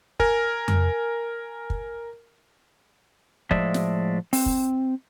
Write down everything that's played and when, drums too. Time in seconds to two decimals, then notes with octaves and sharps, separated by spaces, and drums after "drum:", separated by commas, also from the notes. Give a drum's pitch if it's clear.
0.20 A#4 G#5, drum: kick
0.68 drum: tom F2
1.70 drum: kick
3.51 A2 F3 G#3 D5 E5, drum: kick
3.74 drum: snare
4.33 C4, drum: open hi-hat
4.46 drum: kick